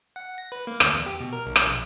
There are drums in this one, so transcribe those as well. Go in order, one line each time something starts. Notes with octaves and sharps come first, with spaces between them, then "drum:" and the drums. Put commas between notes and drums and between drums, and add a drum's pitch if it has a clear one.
F#5
A#6
B4
A#3
D2, drum: rim click
E2
G4
B2
A#4
B1
drum: rim click
A#1